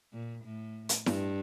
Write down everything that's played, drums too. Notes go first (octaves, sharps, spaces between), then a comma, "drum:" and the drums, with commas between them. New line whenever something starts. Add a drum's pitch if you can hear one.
A#2
A2
drum: hi-hat
G2, drum: snare E4